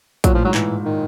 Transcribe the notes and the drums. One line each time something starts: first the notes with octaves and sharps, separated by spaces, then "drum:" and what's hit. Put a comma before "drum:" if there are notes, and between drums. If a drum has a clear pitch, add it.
A#2 F#3, drum: kick, hi-hat
A2 F3
G#2 F#3
E3, drum: clap
D#3